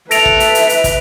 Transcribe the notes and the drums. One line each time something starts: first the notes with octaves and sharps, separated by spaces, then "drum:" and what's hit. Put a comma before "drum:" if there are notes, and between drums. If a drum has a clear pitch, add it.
A4 B4 E5 A#6 D7 F7, drum: hi-hat
drum: kick
drum: hi-hat
drum: hi-hat
drum: hi-hat
drum: kick, hi-hat